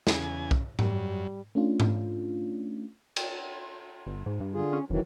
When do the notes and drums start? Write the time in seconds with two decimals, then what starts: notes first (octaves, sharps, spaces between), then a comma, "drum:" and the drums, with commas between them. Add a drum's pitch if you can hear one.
0.07 E2 C#3 G#5, drum: snare
0.51 drum: kick B1
0.79 F#2 G3, drum: tom G#2
1.55 A3 C#4 D4 F4
1.80 drum: tom G#2
3.16 drum: cymbal
4.07 G1
4.26 G#2
4.40 G2
4.54 D3 F4 G#4
4.73 C#4
4.90 F1 D#3 E3 F#3